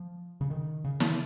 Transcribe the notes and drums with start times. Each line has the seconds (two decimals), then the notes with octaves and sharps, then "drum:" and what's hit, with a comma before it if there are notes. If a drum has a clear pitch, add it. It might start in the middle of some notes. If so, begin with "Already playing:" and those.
Already playing: F3
0.41 C#3
0.50 D#3
0.84 C#3
1.00 drum: snare